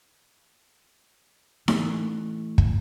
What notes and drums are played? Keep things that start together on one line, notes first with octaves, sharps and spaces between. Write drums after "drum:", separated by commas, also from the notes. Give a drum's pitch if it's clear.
E3 A3, drum: snare D#4
drum: kick